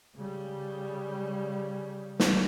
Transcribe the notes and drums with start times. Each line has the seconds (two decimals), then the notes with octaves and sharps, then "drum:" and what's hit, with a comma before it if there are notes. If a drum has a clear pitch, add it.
0.15 C#3 G3
2.20 drum: snare